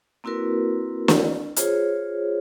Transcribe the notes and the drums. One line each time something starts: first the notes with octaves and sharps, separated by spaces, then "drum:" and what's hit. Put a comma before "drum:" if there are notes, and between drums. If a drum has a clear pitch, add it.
A#3 C4 E4 F#4 A#4 B4
drum: snare
F4 G#4 C5 C#5, drum: hi-hat